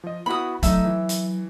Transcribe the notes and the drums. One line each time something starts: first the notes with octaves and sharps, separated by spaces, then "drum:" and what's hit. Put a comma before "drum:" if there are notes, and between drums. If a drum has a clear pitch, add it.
F3 D#5
B3 E4 F#4 B5 D#6
F#3 A3 D#4 E5, drum: kick E1, hi-hat
E3
drum: hi-hat